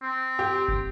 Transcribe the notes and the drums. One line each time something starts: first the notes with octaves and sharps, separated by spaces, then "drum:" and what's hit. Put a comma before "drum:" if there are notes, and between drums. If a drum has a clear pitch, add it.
C4
G4
drum: kick F#1